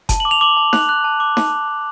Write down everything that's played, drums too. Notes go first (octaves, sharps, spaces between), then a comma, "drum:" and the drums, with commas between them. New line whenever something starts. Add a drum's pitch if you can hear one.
A5, drum: kick F#1, hi-hat
D6 F#7
F7
D6 F#7
A5
F#6, drum: snare D#4
F#6
A5
D6
A5, drum: snare D#4
A5
A5